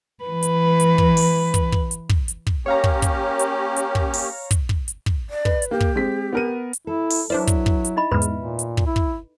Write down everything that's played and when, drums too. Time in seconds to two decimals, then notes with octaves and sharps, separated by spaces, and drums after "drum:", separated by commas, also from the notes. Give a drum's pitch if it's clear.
0.24 E3 B4
0.42 drum: hi-hat
0.80 drum: hi-hat
0.98 drum: kick
1.17 drum: open hi-hat
1.54 drum: kick, hi-hat
1.72 drum: kick
1.91 drum: hi-hat
2.09 drum: kick
2.28 drum: hi-hat
2.47 drum: kick
2.66 A#3 C#4 G4 C#5 F5 A#5
2.84 drum: kick
3.02 drum: kick, hi-hat
3.39 drum: hi-hat
3.76 drum: hi-hat
3.95 drum: kick
4.14 drum: open hi-hat
4.51 drum: kick, hi-hat
4.69 drum: kick
4.88 drum: hi-hat
5.06 drum: kick
5.30 D5
5.45 B4, drum: kick
5.62 drum: hi-hat
5.71 A#3 G4
5.80 drum: kick
5.96 G#3 C4 B6
6.33 B3 A#4 D#7
6.73 drum: hi-hat
6.87 E4 A4
7.10 drum: open hi-hat
7.30 F#3 D4 E4 B4 C5 D5
7.47 drum: kick, hi-hat
7.66 drum: kick
7.85 drum: hi-hat
7.96 D#4 D#5 B5
8.11 E2 G#2 G#3 B4 B5
8.22 drum: hi-hat
8.36 A#2
8.59 drum: hi-hat
8.77 drum: kick
8.87 E4
8.96 drum: kick